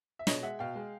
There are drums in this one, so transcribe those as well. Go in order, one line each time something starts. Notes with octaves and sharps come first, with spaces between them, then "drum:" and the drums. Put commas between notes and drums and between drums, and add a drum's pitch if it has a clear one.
E5
B2 C#5 D#5, drum: snare
G#3 E5 F#5
B2 F5 G5
G#3